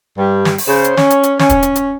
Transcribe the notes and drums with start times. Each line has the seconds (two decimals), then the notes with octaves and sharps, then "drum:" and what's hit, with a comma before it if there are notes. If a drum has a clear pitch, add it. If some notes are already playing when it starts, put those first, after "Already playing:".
0.18 G2 G3
0.45 drum: snare
0.58 drum: open hi-hat
0.67 C#3 C5
0.84 drum: hi-hat
0.97 C#4, drum: snare
1.10 drum: hi-hat
1.23 drum: hi-hat
1.39 C#4, drum: snare
1.49 drum: kick, hi-hat
1.62 drum: hi-hat
1.76 drum: hi-hat